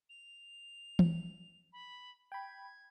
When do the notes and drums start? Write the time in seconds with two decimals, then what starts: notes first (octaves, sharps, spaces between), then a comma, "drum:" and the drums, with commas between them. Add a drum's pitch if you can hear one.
0.09 F7
0.99 drum: tom
1.73 B5
2.32 G5 B5 G#6